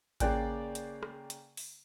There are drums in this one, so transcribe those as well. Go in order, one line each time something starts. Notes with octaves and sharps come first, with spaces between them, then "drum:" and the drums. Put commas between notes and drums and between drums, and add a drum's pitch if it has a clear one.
C#3 A#3 D5 G5 F#6, drum: kick A1, hi-hat
drum: hi-hat
drum: rim click
drum: hi-hat
drum: open hi-hat